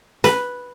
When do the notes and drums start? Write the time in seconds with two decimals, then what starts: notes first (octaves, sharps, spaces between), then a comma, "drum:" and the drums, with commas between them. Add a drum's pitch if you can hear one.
0.24 B4, drum: snare